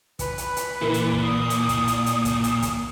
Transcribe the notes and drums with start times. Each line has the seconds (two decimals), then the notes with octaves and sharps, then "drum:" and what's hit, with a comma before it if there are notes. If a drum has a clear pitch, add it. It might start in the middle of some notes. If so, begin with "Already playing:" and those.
0.19 B4, drum: kick, hi-hat
0.38 drum: hi-hat
0.56 drum: hi-hat
0.81 A#2 E3 A#4
0.94 drum: hi-hat
1.13 drum: kick
1.23 D#6
1.50 drum: hi-hat
1.69 drum: kick, hi-hat
1.87 drum: hi-hat
2.06 drum: hi-hat
2.25 drum: kick, hi-hat
2.44 drum: hi-hat
2.62 drum: kick, hi-hat